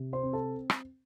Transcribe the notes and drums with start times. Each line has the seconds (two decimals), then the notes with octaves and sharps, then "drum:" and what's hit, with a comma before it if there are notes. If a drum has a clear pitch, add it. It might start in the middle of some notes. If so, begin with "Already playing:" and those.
Already playing: C3
0.13 C5 C6
0.23 C4
0.33 A4 A5
0.70 drum: rim click